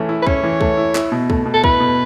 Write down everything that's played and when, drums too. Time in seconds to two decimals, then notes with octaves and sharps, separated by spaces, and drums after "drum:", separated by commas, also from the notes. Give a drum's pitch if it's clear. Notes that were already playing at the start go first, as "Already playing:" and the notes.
Already playing: E3 A3 C#4
0.09 E4
0.22 B4
0.27 C#4 C#5, drum: kick
0.43 E3
0.61 A3, drum: kick
0.77 E4
0.95 E4, drum: clap
1.12 B2
1.30 A3, drum: kick
1.46 B2
1.54 A4
1.64 E4 B4, drum: kick
1.80 B2